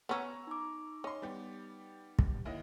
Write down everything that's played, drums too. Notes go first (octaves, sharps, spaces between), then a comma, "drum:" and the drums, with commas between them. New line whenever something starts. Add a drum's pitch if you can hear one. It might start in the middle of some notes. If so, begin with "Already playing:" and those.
B3 C#4 A#5 C#6 E6
D#4 D6
C#4 D#5 C6
G3 B3 G4
drum: kick
D#2 E4 D#5